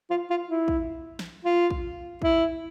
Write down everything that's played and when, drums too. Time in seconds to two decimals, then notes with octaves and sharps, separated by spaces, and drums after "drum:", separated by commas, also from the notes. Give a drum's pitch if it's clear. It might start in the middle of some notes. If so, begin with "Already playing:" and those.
0.10 F4
0.30 F4
0.49 E4
0.68 drum: kick
1.19 drum: snare
1.45 F4
1.70 drum: kick
2.22 E4, drum: kick